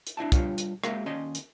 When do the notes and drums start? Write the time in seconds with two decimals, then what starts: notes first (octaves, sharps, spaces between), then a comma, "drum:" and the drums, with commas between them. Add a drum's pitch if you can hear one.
0.07 drum: hi-hat
0.17 D4 E4 E5 A5
0.32 G3 D4 F4 C5 C#5, drum: kick, hi-hat
0.58 drum: hi-hat
0.84 G#3 A#3 F#4 A#4 E5 F5, drum: rim click
1.06 D#2 C#4 D5 D#5 A5 C6
1.35 drum: hi-hat